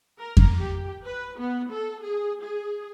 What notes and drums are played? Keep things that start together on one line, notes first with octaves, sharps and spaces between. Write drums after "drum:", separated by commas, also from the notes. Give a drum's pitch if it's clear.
A#4
drum: kick F2
G4
B4
B3
A4
G#4
G#4